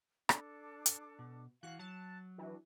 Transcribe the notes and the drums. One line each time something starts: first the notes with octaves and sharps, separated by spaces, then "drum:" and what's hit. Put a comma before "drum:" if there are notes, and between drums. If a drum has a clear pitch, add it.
D4 A4 D6, drum: rim click
drum: hi-hat
B2
E3 F#4 F5 F#6
F#3 A5 F#6
E3 D4 F#4